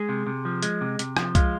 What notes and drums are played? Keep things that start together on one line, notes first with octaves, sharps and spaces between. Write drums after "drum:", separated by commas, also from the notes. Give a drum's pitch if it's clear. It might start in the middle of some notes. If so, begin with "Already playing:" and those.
Already playing: G#3 G#4
C3
C3
F3
G#3, drum: hi-hat
C3
C3, drum: hi-hat
F3, drum: rim click
G#3 F4, drum: kick C2, hi-hat